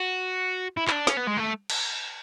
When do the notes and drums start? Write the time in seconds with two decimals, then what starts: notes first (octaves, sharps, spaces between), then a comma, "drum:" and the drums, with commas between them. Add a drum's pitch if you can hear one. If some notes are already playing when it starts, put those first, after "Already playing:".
Already playing: F#4
0.77 E4
0.87 E4, drum: clap
0.92 D4
1.07 C#4, drum: snare
1.17 B3
1.27 G#3
1.38 A3
1.70 drum: cymbal